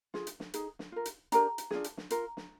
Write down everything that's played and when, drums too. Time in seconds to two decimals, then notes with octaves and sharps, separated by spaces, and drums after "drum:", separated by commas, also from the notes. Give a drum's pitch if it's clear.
0.14 F4 G#4, drum: snare
0.27 drum: hi-hat
0.40 drum: snare
0.54 D#4 G#4, drum: hi-hat
0.79 drum: snare
0.92 F4 A#4
1.05 drum: hi-hat
1.32 D4 G4 A#4 A#5, drum: hi-hat
1.58 drum: hi-hat
1.71 D4 F4 G#4, drum: snare
1.84 drum: hi-hat
1.97 drum: snare
2.10 F4 A#4, drum: hi-hat
2.37 drum: snare